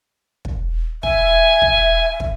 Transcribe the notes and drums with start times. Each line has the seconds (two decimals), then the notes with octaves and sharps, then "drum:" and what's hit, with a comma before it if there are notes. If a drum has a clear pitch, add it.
0.45 drum: kick
1.03 E5 G#5, drum: kick
1.62 drum: kick
2.20 drum: kick